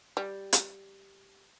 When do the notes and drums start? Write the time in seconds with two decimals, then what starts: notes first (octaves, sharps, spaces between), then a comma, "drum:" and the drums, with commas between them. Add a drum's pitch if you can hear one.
0.17 G3
0.53 drum: hi-hat